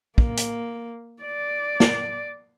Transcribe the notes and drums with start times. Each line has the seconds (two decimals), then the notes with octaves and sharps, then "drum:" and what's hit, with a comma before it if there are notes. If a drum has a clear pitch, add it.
0.18 A#3, drum: kick
0.37 drum: hi-hat
1.23 D5
1.80 drum: snare